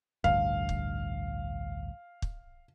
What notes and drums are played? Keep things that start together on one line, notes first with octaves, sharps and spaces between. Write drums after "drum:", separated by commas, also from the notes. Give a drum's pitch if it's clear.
A1 D2 G2 F5, drum: kick
drum: kick
drum: kick